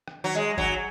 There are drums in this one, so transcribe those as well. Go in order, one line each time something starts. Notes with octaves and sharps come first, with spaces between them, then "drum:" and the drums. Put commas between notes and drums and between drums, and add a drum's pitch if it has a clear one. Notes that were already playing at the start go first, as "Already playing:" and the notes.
drum: rim click
F#3
G#3
F#3, drum: kick F#1